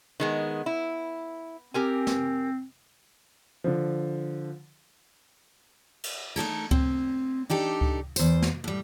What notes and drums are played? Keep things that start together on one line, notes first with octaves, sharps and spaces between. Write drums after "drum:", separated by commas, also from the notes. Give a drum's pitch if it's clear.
D#3 G#3 B3
E4
C4 G4 A#4 G#5
drum: snare
D3 F3
drum: cymbal
A3 D#4 A4 A#4, drum: cymbal
C4, drum: kick C#2
D4 D#4 G4 A4
drum: kick C#2
E2 C5, drum: tambourine
drum: snare
A2 G3